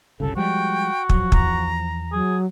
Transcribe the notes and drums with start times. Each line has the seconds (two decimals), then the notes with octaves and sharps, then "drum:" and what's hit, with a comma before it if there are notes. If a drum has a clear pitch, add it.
0.20 G1 C2 C#3 A4
0.36 F3 G3 G#3 F#4 G5
1.09 F3 F#3, drum: kick
1.32 E2 A#5, drum: kick
2.12 F#3 G#4